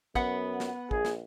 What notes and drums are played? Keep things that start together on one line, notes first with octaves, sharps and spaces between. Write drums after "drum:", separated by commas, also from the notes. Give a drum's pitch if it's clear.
F#2 B3 F#5, drum: kick
drum: snare
A#1 G#4, drum: kick
drum: snare